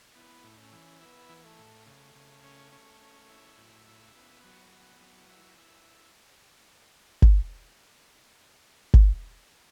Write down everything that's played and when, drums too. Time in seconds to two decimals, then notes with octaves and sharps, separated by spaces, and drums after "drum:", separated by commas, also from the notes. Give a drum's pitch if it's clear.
0.15 B3 E4
0.44 A2
0.58 C#4
0.72 E3
1.01 B3 E4
1.30 E3
1.44 A3
1.58 A2
1.86 C#3 A3
2.15 C#3
2.44 C#4
2.72 C#4
3.01 C#4
3.29 E4
3.58 A2 F#3
3.87 E4
4.01 C#3
4.15 B3
4.44 E3 F#3
4.72 B3
5.00 F#3
5.30 E4
5.58 E4
7.22 drum: kick G1
8.94 drum: kick G1